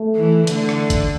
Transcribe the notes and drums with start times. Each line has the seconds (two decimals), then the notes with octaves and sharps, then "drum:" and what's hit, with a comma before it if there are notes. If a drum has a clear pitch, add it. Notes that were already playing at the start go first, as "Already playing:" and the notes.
Already playing: A3
0.15 E3
0.47 D3 A3, drum: hi-hat
0.69 drum: rim click
0.90 drum: kick, hi-hat